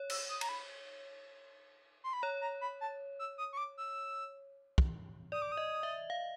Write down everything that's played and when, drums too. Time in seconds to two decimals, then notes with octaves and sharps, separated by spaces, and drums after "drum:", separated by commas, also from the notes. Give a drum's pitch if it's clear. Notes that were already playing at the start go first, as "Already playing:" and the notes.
Already playing: C#5
0.10 E6, drum: cymbal
0.29 D#6
0.41 A#5, drum: cymbal
0.49 B5
2.04 C6
2.13 B5
2.22 C#5 A#5
2.41 A#5
2.61 B5
2.81 A5
3.19 E6
3.38 D#6
3.53 C#6
3.57 D6
3.78 E6
4.78 drum: kick
5.32 D5 D#6
5.42 D6
5.52 D#6
5.57 D#5
5.83 E5
6.10 F5